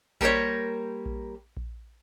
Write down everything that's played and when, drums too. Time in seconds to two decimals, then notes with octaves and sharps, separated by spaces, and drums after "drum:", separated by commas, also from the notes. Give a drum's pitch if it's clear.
0.21 G3 A#3 A#4 C5 C#5, drum: kick A#1
1.06 drum: kick A#1
1.57 drum: kick A#1